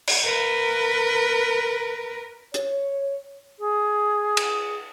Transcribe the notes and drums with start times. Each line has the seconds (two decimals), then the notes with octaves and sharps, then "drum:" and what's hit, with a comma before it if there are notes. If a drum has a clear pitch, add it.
0.07 drum: cymbal
0.24 A#4 B4
2.54 C#5, drum: hi-hat
3.59 G#4
4.37 drum: cymbal